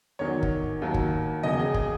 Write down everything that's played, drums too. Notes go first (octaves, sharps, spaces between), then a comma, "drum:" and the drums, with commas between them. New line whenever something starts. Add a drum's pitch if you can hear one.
E2 D#3 F#3 C#5
drum: kick
D#2 D#3 F#3
drum: kick
E1 E2 C#3 F#3 D#5
G#4
G#4, drum: kick